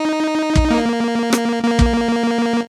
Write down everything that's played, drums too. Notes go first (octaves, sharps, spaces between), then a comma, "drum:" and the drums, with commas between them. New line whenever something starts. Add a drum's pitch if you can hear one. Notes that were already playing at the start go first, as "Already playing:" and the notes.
Already playing: D#4
drum: kick
A#3
drum: rim click
A#3
drum: kick